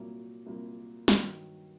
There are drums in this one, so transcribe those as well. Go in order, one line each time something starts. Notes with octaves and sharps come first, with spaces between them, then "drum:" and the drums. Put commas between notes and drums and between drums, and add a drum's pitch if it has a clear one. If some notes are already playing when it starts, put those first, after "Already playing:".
Already playing: C2 A#2 F#3 A#3
C2 A#2 F#3 A#3
G2 D#3 F#3, drum: snare